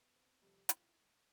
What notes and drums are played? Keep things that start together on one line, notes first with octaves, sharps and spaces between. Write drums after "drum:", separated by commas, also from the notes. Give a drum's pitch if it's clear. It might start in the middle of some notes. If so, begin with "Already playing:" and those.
Already playing: B3
C4
F2 C3 G3 A4
G4
F4, drum: hi-hat
E4